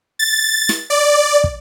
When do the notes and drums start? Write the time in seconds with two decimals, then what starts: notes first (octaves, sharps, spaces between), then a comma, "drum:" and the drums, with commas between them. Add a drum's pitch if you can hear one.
0.19 A6
0.69 drum: snare
0.90 D5
1.44 drum: kick